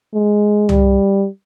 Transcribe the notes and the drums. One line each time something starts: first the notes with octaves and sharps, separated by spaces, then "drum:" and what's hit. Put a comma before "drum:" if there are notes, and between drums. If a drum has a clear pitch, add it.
G#3
G3, drum: tom